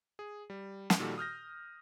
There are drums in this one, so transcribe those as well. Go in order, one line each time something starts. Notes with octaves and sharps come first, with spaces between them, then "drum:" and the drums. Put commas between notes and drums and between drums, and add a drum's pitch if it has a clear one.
G#4
G3
drum: snare
A#2 D#3 G3 F#4 A4
D#6 F6 G6 A#6